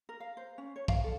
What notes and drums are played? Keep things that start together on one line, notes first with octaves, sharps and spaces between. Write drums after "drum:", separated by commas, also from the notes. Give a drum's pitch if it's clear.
A#4
F5
C5
C#4
C#5
F5, drum: kick
A4